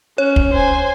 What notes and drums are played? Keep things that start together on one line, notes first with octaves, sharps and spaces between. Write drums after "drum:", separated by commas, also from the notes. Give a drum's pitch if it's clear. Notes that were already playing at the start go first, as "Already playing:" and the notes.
C#4 C#5
drum: kick
C5 G#5